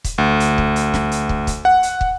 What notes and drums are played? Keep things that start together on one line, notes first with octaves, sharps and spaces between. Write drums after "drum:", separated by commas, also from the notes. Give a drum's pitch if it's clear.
drum: kick, hi-hat
D2
drum: hi-hat
drum: kick
drum: hi-hat
drum: snare
drum: hi-hat
drum: kick
drum: kick, hi-hat
F#5
drum: hi-hat
drum: kick